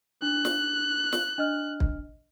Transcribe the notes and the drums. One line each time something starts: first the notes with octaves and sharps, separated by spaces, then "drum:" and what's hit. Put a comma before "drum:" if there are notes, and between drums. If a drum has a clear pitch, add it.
D4 F#6
drum: snare
drum: snare
D4 D#5 F6
drum: kick